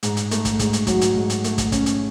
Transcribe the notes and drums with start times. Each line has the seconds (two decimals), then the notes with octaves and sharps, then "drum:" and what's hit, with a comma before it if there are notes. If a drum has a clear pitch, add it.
0.03 G#2, drum: hi-hat
0.17 drum: hi-hat
0.31 A3, drum: hi-hat
0.45 drum: kick, hi-hat
0.59 G#2, drum: kick, hi-hat
0.73 drum: hi-hat
0.87 F#3, drum: kick, hi-hat
1.01 drum: hi-hat
1.16 G#2
1.30 drum: hi-hat
1.44 A3, drum: hi-hat
1.58 drum: kick, hi-hat
1.72 C#4, drum: kick, hi-hat
1.86 drum: hi-hat